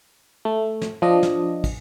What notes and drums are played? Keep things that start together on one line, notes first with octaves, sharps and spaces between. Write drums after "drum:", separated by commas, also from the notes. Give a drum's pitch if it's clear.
A3
drum: snare
F3 D4 D#5
drum: snare
drum: kick, cymbal